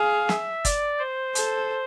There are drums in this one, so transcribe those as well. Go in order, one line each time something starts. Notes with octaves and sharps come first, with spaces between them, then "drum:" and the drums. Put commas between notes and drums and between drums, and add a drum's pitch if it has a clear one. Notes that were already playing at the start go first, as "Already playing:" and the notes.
Already playing: G#4 F5
E5, drum: snare
D5, drum: kick, hi-hat
C5
A4, drum: hi-hat